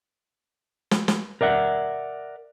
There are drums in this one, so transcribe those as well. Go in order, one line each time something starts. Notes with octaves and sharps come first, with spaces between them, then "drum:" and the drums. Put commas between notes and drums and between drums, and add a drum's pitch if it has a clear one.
drum: snare
drum: snare
A#4 D5 E5 F#5